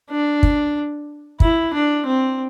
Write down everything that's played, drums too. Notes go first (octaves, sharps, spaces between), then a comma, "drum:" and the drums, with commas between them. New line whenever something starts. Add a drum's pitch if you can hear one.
D4
drum: kick
E4, drum: kick
D4
C4